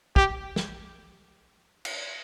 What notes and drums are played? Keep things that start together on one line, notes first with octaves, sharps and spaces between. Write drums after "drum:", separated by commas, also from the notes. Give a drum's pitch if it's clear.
G4, drum: kick
drum: snare
drum: cymbal